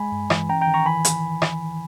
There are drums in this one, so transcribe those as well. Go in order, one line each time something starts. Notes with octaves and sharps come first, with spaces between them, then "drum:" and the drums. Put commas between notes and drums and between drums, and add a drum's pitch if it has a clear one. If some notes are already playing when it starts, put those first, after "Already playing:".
Already playing: G#3 G#5 B5
G2
E3, drum: rim click
C#4 G5 A#5
G5 A#5
D#3
A#5 C#6
E3 G#5 B5
drum: hi-hat
drum: rim click